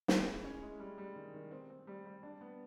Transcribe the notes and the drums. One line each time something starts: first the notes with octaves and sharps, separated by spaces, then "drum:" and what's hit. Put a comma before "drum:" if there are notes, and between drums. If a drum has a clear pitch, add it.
G#3, drum: snare
E4
C#4
G#3
G3
G3
D#3
D#3
C4
C4
G3
G3
D4
B3